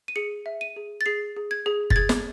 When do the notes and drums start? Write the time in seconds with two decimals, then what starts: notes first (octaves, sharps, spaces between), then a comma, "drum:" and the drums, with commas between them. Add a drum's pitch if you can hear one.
0.08 D#7
0.16 G#4 C#7
0.46 E5
0.61 D#7
0.76 G#4
1.01 A6
1.06 G#4 C7
1.37 G#4
1.51 G#6
1.66 G#4
1.90 A6, drum: kick
1.96 G#4 G#6
2.09 drum: snare